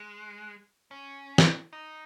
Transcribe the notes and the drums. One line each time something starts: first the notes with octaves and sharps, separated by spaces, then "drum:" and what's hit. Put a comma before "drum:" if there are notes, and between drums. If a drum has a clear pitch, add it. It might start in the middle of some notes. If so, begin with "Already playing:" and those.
Already playing: G#3
C#4
drum: snare
D#4